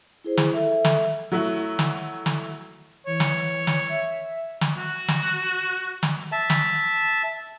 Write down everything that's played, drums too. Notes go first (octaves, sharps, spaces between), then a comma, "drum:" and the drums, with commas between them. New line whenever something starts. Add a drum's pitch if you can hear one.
E4 G#4 C5
drum: snare
A4 E5
drum: snare
F#3 A3 E4 F#4
drum: snare
drum: snare
E3 C#5
drum: snare
drum: snare
E5
drum: snare
F#4
drum: snare
drum: snare
E5 A5
drum: snare